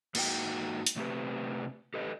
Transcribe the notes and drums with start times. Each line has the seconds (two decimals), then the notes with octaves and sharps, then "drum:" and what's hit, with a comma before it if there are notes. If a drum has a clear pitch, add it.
0.15 G#2 A#3 D#4 F#4 G5, drum: cymbal
0.87 drum: hi-hat
0.96 C3 A3 C4 G4 B4
1.94 G4 A4 B4 D#5